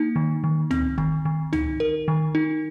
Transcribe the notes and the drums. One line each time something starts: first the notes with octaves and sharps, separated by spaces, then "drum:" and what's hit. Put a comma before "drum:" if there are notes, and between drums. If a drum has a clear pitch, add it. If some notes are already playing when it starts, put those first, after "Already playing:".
Already playing: A#3 D#4
D#3
D#3
C4, drum: tom C#2
D#3, drum: kick F1
D#3
D#4, drum: tom C#2
A#4
D#3
D#4